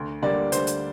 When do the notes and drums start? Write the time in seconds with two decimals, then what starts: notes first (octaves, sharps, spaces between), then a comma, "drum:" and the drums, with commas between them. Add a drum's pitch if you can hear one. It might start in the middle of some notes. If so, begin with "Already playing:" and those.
Already playing: D2
0.22 D3 G3 A#3 D5
0.52 D2 C5, drum: hi-hat
0.67 drum: hi-hat